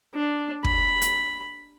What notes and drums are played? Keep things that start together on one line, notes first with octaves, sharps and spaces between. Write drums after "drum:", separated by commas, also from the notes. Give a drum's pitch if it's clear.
D4
B5, drum: kick
drum: hi-hat